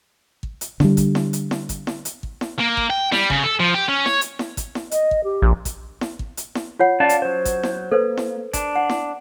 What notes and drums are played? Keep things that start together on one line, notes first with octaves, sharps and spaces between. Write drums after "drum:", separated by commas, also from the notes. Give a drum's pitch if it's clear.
drum: kick
drum: hi-hat
D3 G3, drum: snare E4
drum: kick, hi-hat
drum: snare E4
drum: hi-hat
drum: snare E4
drum: kick, hi-hat
drum: snare E4
drum: hi-hat
drum: kick
drum: snare E4
A#3
drum: kick
G5
G3, drum: snare E4
C#3, drum: kick
A4
F3
G4
C#4
C#5, drum: snare E4
drum: hi-hat
drum: snare E4
drum: kick, hi-hat
drum: snare E4
D#5, drum: hi-hat
drum: kick
G4
A#1
drum: kick, hi-hat
drum: snare E4
drum: kick
drum: hi-hat
drum: snare E4
F4 C#5 F#5
C#4 D5 F5 A5
drum: hi-hat
F#3 C5
drum: kick, hi-hat
drum: snare E4
A#3 A4 B4 C5
drum: snare E4
D4, drum: kick, hi-hat
F#5
drum: snare E4